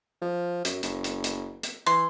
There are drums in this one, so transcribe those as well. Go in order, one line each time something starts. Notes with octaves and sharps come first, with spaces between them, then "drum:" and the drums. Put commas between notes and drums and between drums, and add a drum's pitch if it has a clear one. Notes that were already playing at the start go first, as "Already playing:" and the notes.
F3
F#2, drum: hi-hat
F#1, drum: hi-hat
drum: hi-hat
drum: hi-hat
drum: hi-hat
E3 C6